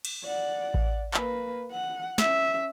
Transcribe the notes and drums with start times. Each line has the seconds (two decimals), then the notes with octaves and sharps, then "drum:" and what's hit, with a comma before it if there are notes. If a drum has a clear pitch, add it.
0.05 drum: cymbal
0.24 D5 F#5
0.74 drum: kick A1
1.14 A#3 B4, drum: clap
1.71 F#5
2.18 C#4 E5, drum: snare